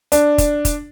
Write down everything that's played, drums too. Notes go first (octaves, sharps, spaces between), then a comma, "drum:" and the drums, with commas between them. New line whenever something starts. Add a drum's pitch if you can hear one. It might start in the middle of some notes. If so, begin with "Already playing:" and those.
D4, drum: hi-hat
drum: kick, hi-hat
drum: kick, hi-hat